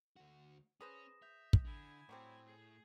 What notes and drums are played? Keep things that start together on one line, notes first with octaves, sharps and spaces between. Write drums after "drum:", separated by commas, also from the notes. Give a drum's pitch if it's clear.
D2 F#4
C#4 G#4 B4 C5 D#6 A#6 E7
E5 G6 F7
drum: kick
D3 E4 G#5
A2 F#3 G3 C4
G#4